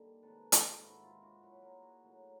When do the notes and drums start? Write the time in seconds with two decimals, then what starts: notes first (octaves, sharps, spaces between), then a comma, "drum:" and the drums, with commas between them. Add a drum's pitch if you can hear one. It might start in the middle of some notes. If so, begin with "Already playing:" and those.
Already playing: D3 G3 A#3 D#4
0.23 C3 D#3 G#3 A4 B4
0.52 drum: hi-hat
0.82 G#2 D#3 G#3 E4 F#4
1.03 F4
1.22 E4 F#4
1.43 A#2 F#3 B3 E4 F#4
1.62 G#4 A#4
1.82 F#4 G#4
2.03 A2 F#3 A#3 D#4